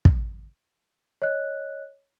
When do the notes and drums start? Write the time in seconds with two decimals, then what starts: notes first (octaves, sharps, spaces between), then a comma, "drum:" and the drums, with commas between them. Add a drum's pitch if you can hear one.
0.05 drum: kick
1.22 C#5 D#5 F#6